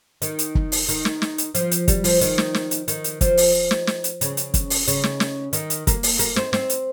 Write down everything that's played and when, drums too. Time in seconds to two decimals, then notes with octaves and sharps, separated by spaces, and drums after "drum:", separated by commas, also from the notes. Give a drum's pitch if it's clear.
0.22 D#3, drum: hi-hat
0.39 drum: hi-hat
0.55 drum: kick
0.72 drum: open hi-hat
0.88 D#3, drum: hi-hat
1.05 drum: snare
1.22 drum: snare
1.38 drum: hi-hat
1.55 F3, drum: hi-hat
1.71 drum: hi-hat
1.88 G3, drum: kick, hi-hat
2.04 F3, drum: open hi-hat
2.21 D#3, drum: hi-hat
2.38 drum: snare
2.54 drum: snare
2.71 drum: hi-hat
2.88 D#3, drum: hi-hat
3.04 drum: hi-hat
3.21 F3, drum: kick, hi-hat
3.37 drum: open hi-hat
3.71 drum: snare
3.87 drum: snare
4.04 drum: hi-hat
4.21 C#3, drum: hi-hat
4.37 drum: hi-hat
4.54 drum: kick, hi-hat
4.70 drum: open hi-hat
4.87 C#3, drum: hi-hat
5.03 drum: snare
5.20 drum: snare
5.53 D#3, drum: hi-hat
5.70 drum: hi-hat
5.87 A#3, drum: kick, hi-hat
6.03 drum: open hi-hat
6.19 A#3, drum: hi-hat
6.36 C4, drum: snare
6.53 C4, drum: snare
6.70 drum: hi-hat